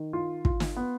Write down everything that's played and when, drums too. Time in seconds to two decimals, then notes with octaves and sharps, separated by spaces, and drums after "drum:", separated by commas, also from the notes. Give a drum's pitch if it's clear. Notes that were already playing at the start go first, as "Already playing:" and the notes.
Already playing: D#3
0.13 F4
0.45 F4, drum: kick
0.60 drum: snare
0.76 B3